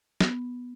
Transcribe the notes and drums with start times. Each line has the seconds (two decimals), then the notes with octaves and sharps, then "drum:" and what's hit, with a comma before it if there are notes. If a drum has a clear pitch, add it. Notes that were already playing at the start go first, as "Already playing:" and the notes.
0.21 B3, drum: snare